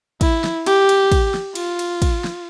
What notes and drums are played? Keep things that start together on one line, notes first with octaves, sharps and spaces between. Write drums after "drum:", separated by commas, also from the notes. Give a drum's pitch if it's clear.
E4, drum: kick, cymbal
drum: snare
G4, drum: cymbal
drum: cymbal
drum: kick, cymbal
drum: snare
F4, drum: cymbal
drum: cymbal
drum: kick, cymbal
drum: snare